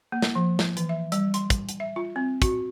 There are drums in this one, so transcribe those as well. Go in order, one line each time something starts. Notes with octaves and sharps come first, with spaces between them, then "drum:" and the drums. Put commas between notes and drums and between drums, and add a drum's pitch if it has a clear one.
A#3
drum: snare
F3
drum: snare
E3, drum: hi-hat
E5
G3, drum: hi-hat
C6, drum: hi-hat
drum: kick, hi-hat
drum: hi-hat
E5
F4
C4
F#4, drum: kick, hi-hat